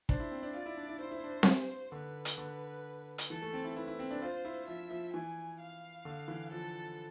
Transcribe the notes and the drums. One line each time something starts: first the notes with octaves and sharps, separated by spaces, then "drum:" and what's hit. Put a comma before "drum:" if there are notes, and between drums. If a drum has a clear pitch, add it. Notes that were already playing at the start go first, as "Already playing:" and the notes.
D4 C5, drum: kick
E4
C4
D4
F4 D5
E4
D4
E4
E4 C5
E4
D4
drum: snare C4
D3 B4
drum: hi-hat
D3
drum: hi-hat
E3 A4
A3
C4
E4
E4 B4
E4
C4
D4
F4 C5
E4
F3 E5
F3
E3 G#5
F5
D3
E3
F3 A4